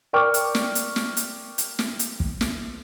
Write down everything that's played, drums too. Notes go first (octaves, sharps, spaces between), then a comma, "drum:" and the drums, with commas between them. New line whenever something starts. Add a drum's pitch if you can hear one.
A#4 D5 G5 C#6 D6 F6
drum: hi-hat
drum: snare
drum: hi-hat
drum: snare
drum: hi-hat
drum: hi-hat
drum: snare
drum: hi-hat
drum: kick
drum: snare